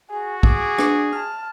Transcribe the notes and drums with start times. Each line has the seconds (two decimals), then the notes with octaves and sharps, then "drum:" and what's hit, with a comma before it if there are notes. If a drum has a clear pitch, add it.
0.10 F#4 G#4
0.43 G#4 D6, drum: kick
0.78 D4, drum: rim click
1.13 A5 F6